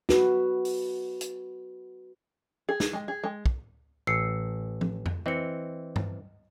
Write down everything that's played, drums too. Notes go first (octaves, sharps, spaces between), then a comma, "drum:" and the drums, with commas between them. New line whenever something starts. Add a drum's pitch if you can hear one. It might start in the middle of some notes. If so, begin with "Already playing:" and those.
F#4 B4, drum: snare
drum: open hi-hat
drum: hi-hat
G#4
drum: snare
G#3
G#4
G#3
drum: kick
A1 E6 C7 C#7
drum: tom F3
drum: tom F2
E3 C4 D#5 C#7
drum: tom G2